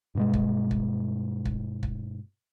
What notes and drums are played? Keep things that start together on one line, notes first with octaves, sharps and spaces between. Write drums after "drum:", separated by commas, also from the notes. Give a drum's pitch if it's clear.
G2 B2 G#3
drum: kick
drum: kick
drum: kick
drum: kick